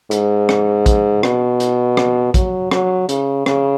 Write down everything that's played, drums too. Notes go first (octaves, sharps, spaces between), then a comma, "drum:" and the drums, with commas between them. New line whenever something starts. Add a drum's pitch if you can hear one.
G#2, drum: hi-hat
drum: rim click
drum: kick, hi-hat
B2, drum: rim click
drum: hi-hat
drum: rim click
F#3, drum: kick, hi-hat
F#3, drum: rim click
C#3, drum: hi-hat
C#3, drum: rim click